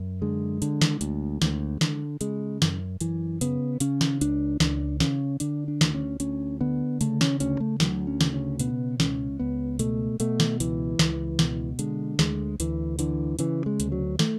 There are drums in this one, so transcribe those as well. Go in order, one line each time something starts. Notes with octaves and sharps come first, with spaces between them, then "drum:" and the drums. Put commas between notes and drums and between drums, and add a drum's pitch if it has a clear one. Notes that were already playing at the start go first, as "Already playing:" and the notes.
Already playing: F#2
D3 G#3
D3, drum: hi-hat
drum: snare
D2, drum: hi-hat
D2, drum: snare
D3, drum: snare
C#3 G#3, drum: hi-hat
F#2, drum: snare
F#2 E3, drum: hi-hat
C#3 B3, drum: hi-hat
C#3 C#4, drum: hi-hat
drum: snare
C#2 D4, drum: hi-hat
C#2 D4, drum: snare
C#3 C#4, drum: snare
D3 D4, drum: hi-hat
D4
D2, drum: snare
C#4
D2 C#4, drum: hi-hat
D3 B3
C#3 A3, drum: hi-hat
C#4, drum: snare
D2 C#4, drum: hi-hat
A3
D2 F#3, drum: snare
C#4
C#3, drum: snare
C#4
B2 B3, drum: hi-hat
C#2 C#4, drum: snare
C#2 B3
B2 A3, drum: hi-hat
B2 A3, drum: hi-hat
drum: snare
C#2 E3, drum: hi-hat
C#2, drum: snare
B2, drum: snare
D3 G#3, drum: hi-hat
D2 G#3, drum: snare
D2 E3, drum: hi-hat
D3 E3, drum: hi-hat
C#3 E3, drum: hi-hat
G#3
D2, drum: hi-hat
F#3
A3, drum: snare